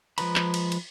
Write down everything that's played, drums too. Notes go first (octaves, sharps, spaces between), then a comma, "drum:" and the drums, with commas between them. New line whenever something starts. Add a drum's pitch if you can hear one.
F3 G#3 B4 A#5 B5, drum: cymbal
drum: clap
drum: cymbal
drum: cymbal